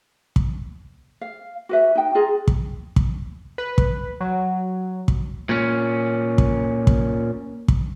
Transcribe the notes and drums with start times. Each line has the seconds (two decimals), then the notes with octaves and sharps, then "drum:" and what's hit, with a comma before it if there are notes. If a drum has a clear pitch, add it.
0.36 drum: kick
1.21 F5
1.69 F#4 B4 E5
1.95 D#4 G5
2.15 F4 G#4 D#5 A#5
2.48 drum: kick
2.96 drum: kick
3.58 B4
3.78 drum: kick
4.21 F#3
5.08 drum: kick
5.49 A#2 C#4
6.38 drum: kick
6.87 drum: kick
7.68 drum: kick